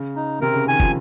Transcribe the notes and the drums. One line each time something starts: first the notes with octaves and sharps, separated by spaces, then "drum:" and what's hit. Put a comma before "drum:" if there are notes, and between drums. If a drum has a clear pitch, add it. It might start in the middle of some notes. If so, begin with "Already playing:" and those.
Already playing: C#3
D#4
C3 A#4
C#3
D#3 G#5
F3, drum: kick